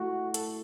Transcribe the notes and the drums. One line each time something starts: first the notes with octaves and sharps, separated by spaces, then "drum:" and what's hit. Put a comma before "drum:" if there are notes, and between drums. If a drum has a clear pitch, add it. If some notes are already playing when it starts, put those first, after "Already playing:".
Already playing: A3 E4 F#4
A4, drum: hi-hat